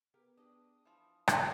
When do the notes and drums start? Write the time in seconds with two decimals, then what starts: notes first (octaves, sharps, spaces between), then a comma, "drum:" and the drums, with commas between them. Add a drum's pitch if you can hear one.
0.14 B3 G4 G#4 A#4 B4
0.37 D4 G4 D#6
0.86 E3 F3 B5
1.28 drum: rim click